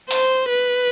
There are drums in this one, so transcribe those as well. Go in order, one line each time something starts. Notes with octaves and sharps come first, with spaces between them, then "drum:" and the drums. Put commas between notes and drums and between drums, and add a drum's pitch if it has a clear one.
C5, drum: open hi-hat
B4